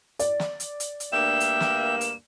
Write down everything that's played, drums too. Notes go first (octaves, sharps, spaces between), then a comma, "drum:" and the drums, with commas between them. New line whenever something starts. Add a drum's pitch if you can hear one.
D5, drum: hi-hat
drum: snare
drum: hi-hat
drum: hi-hat
drum: hi-hat
D2 G2 A#3 E5 G5 E7
drum: hi-hat
drum: snare
drum: hi-hat